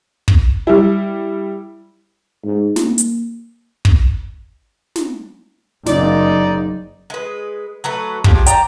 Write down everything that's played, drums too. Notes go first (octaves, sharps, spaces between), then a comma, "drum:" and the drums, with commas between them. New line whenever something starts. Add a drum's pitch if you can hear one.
drum: kick
G3 E4
G#2
A#3, drum: snare
drum: hi-hat
drum: kick
drum: snare
F#1 D#4 D5, drum: snare
G#3 B4
F#3 A3 B4
F3 G#3 G4, drum: kick
D5 G5 A#5, drum: hi-hat